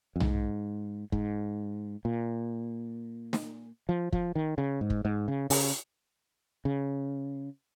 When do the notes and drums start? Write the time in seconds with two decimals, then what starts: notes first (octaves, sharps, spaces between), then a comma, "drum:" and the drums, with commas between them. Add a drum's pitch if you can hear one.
0.16 F2
0.20 G#2, drum: tom B1
1.12 G#2, drum: kick
2.05 A#2
3.33 drum: snare
3.89 F3
4.12 F3, drum: kick
4.36 D#3
4.58 C#3
4.81 G#2
4.90 drum: kick
5.05 G#2
5.28 C#3
5.50 C#3, drum: open hi-hat
6.65 C#3